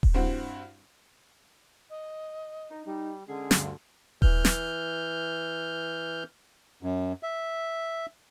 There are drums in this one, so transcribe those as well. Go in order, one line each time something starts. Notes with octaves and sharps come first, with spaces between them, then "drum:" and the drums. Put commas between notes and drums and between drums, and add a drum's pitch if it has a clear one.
drum: kick D#1
G2 C4 E4 F#4
D#5
D#4
G3 D#4
D3 G#3 C#4 G#4
D2 G2, drum: snare
E3 F6 G6, drum: kick D#1
drum: snare
F#2
E5